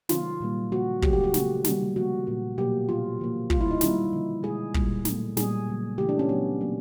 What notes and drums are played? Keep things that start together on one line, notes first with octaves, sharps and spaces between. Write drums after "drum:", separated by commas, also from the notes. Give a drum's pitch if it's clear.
C3 D#3 F#3 F4, drum: snare
A#2 G3 A#3
C#3 F3 A#3 F#4
C#3 F#3 A3 G4, drum: kick
G4
F#4
C#3 F3 A3, drum: snare
C3 D#3 G3 A#3, drum: snare
C#3 F3 A#3 F#4
A#2 F#3 A#3
B2 F#3 A#3 G4
A#2 F3 A#3 F4
D3 F3 A#3
B2 G3 A#3 F4, drum: kick
E4
D#4
D#3 G3 A#3 E4, drum: snare
D3 F3 A#3
B2 G#3 G#4
A#2 G3 A#3, drum: kick
A#2 F#3 A3, drum: snare
A#2 G3 A#3 G#4, drum: snare
C#3 F#3 A#3
C#3 E3 A3 G4
D4
C#4
A#2 F#3 A3 B3
B2 F#3 A#3